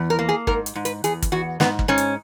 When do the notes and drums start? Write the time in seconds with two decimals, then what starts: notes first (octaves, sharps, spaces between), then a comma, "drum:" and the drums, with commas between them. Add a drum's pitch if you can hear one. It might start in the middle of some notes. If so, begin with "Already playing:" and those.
Already playing: E2
0.10 A#4
0.19 A#3
0.29 G#4
0.47 G#2 A#4, drum: kick
0.66 drum: hi-hat
0.75 G#2
0.85 B4, drum: hi-hat
1.04 E2 G#4, drum: hi-hat
1.22 drum: kick, hi-hat
1.32 E2 F#4
1.60 G#2 B3, drum: snare
1.79 drum: kick
1.88 G#2 C#4
1.98 drum: hi-hat